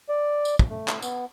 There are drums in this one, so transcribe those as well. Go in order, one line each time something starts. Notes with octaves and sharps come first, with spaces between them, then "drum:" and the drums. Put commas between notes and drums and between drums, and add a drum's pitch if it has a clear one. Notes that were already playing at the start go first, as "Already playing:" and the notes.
D5
drum: tambourine
drum: kick
A3
drum: clap
B3, drum: tambourine